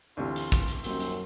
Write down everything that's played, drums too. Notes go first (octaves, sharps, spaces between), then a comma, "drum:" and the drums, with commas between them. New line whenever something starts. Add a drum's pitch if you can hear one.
D2 C3 E3 F4
drum: hi-hat
drum: kick, hi-hat
drum: hi-hat
D#1 F#2 C4, drum: hi-hat
drum: hi-hat